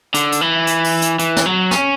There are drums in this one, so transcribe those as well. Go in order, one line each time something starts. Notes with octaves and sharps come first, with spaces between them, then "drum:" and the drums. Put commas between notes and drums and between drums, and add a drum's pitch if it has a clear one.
D3, drum: hi-hat
drum: hi-hat
E3
drum: hi-hat
drum: open hi-hat
drum: hi-hat
E3, drum: hi-hat
drum: snare
F#3
C#4, drum: snare